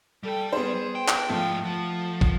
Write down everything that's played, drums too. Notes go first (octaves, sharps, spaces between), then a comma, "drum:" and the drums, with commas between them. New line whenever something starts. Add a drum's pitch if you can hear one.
G3 A4 G5
B3 G#4 C5
G5
drum: clap
G#2 F3 A3 F4 G5
F3 F#5
drum: kick